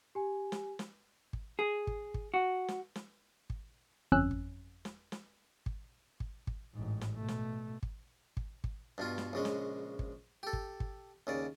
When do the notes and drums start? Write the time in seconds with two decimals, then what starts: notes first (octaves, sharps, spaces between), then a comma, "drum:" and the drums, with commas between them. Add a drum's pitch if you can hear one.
0.15 G4 G#5
0.52 drum: snare
0.79 drum: snare
1.33 drum: kick
1.59 G#4
1.87 drum: kick
2.14 drum: kick
2.34 F#4
2.68 drum: snare
2.96 drum: snare
3.50 drum: kick
4.12 G1 F2 C#4 E6 F#6
4.31 drum: kick
4.85 drum: snare
5.12 drum: snare
5.66 drum: kick
6.20 drum: kick
6.47 drum: kick
6.74 A1 G#2
7.01 drum: snare
7.15 B2 A3
7.28 drum: snare
7.83 drum: kick
8.37 drum: kick
8.64 drum: kick
8.98 G2 B2 F4
9.18 drum: snare
9.33 A#1 C#3 G#3
9.45 drum: snare
9.99 drum: kick
10.43 G4 A4
10.53 drum: kick
10.80 drum: kick
11.27 D#2 C#3 D5